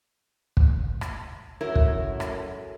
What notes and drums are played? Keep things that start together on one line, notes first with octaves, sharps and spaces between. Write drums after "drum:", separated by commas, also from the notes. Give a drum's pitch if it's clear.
drum: kick
drum: rim click
F#2 A3 E4 A#4
drum: kick
drum: rim click